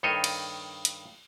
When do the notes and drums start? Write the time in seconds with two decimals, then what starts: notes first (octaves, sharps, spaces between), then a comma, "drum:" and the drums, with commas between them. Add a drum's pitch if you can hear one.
0.03 G2 D#3 A4 C5 C#5 D#5
0.24 drum: cymbal
0.85 drum: hi-hat